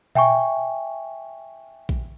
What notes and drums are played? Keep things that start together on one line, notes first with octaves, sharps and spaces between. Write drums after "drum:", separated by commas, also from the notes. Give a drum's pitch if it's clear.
E5 G5 G#5 C#6, drum: tom A#2
drum: kick A#1